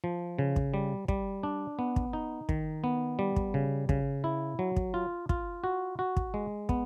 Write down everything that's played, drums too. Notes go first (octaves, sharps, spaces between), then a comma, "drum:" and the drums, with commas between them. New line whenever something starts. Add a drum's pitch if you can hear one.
F3
C#3
drum: kick
G3
G3, drum: kick
D4
B3
drum: kick
D#4
D#3, drum: kick
B3
G3
drum: kick
C#3
C#3, drum: kick
E4
F#3
drum: kick
F4
F4, drum: kick
F#4
F#4
drum: kick
G#3
B3, drum: kick